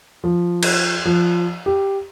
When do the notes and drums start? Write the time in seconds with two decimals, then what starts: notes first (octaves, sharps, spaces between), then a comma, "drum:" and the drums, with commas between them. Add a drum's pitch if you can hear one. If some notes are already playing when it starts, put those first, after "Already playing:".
0.24 F3
0.63 drum: cymbal
1.05 F3
1.66 G4